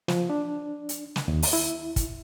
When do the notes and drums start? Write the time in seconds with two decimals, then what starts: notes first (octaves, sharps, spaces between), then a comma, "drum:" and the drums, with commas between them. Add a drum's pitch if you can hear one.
0.08 F3, drum: snare
0.30 D4
0.89 drum: hi-hat
1.16 drum: snare
1.28 D#2
1.43 drum: open hi-hat
1.53 E4
1.96 drum: kick, hi-hat